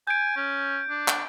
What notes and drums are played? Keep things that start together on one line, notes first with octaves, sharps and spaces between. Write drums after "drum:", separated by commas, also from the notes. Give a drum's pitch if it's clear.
G#5 G6 D7
C#4
D4
drum: clap